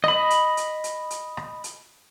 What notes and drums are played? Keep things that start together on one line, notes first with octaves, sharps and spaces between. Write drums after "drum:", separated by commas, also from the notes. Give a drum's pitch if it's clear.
D#5 B5, drum: rim click
drum: hi-hat
drum: hi-hat
drum: hi-hat
drum: hi-hat
drum: rim click
drum: hi-hat